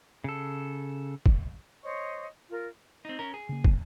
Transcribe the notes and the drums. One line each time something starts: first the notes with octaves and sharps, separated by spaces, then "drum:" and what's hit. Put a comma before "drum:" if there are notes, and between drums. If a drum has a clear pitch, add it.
C#3 A4
drum: kick
C5 C#5 D#5 C#6
F4 A#4
C4 D#4
C#4 A#4
G#4
C#3 A#3
drum: kick